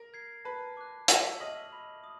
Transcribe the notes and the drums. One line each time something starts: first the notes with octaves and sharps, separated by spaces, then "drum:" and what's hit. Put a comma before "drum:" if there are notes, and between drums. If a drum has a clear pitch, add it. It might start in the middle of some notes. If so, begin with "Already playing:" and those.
Already playing: A#4
G#6 C7
B4 A5
D6 F#6
E5 C#6, drum: hi-hat
D#5 F6 A#6 D#7 F#7
B5
D#6